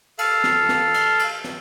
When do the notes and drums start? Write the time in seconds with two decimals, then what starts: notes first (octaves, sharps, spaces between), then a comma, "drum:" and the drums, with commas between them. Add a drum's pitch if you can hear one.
0.19 A4 F5, drum: cymbal
0.44 drum: snare
0.69 drum: snare
0.94 drum: cymbal
1.19 drum: cymbal
1.44 drum: snare